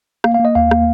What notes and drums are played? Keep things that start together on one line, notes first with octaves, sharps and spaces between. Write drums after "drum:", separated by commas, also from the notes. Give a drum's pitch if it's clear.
A#3 F5, drum: rim click
F5
A#3
D#5
D#2 F5
A#3, drum: rim click